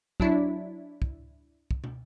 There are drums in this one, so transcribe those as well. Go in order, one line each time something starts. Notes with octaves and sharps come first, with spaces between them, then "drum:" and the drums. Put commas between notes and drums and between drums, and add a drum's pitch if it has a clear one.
F#3 D4 E4, drum: kick
drum: kick
drum: kick
drum: tom